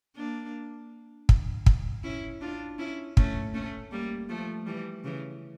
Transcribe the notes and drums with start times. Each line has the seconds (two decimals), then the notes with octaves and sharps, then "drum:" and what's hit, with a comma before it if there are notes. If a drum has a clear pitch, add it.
0.16 A#3 D4
1.29 drum: kick
1.66 drum: kick
2.03 C#4 E4
2.41 D4 F4
2.78 C#4 E4
3.17 A3 C#4, drum: kick
3.54 A3 C#4
3.91 G3 A#3
4.29 F3 A3
4.66 E3 G3
5.04 C#3 E3